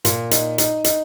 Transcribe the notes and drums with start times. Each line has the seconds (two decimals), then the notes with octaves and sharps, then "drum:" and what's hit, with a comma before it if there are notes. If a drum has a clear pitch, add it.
0.05 A#2, drum: hi-hat
0.31 D#4, drum: hi-hat
0.58 D#4, drum: hi-hat
0.84 D#4, drum: hi-hat